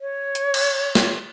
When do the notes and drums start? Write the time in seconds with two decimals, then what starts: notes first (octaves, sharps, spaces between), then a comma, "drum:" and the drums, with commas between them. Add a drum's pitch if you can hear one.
0.01 C#5
0.35 drum: hi-hat
0.54 drum: cymbal
0.95 drum: snare